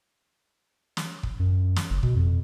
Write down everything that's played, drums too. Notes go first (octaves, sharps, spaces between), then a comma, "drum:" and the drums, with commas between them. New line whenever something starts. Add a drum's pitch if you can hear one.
drum: snare
drum: kick
F#2
drum: snare
F#1
B2, drum: kick
F2